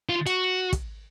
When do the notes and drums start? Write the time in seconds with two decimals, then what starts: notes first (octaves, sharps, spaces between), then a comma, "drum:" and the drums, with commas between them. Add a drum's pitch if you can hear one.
0.09 F4
0.26 F#4, drum: hi-hat
0.73 drum: kick, hi-hat